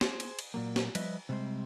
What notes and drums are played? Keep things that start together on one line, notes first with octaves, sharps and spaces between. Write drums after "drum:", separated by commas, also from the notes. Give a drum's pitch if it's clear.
G#4 C5, drum: snare
drum: cymbal
drum: cymbal
A#2 F#3 A#3
drum: snare
F3 G3 B4 D#5 E5, drum: cymbal
C3 G3 G#3 A#3 C4 C5